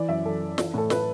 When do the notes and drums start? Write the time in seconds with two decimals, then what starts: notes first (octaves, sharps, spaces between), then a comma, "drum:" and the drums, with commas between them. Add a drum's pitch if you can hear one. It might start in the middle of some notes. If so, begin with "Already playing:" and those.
Already playing: E3 D5
0.09 F#2 E5
0.25 F#2 A4
0.42 E3
0.58 E3, drum: snare
0.74 A2 A4
0.90 A2 B4, drum: snare